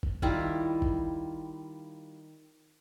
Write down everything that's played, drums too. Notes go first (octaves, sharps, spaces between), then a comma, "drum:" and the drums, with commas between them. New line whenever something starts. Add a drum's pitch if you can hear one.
drum: kick
D#3 G3 E4 F4, drum: kick
drum: kick